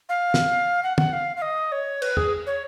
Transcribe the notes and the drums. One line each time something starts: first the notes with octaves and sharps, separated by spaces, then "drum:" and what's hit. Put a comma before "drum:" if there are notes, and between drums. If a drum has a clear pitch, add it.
F5
drum: snare
F#5
F#5, drum: tom
F5
F5
D#5
C#5
B4, drum: cymbal
G#4, drum: tom
C#5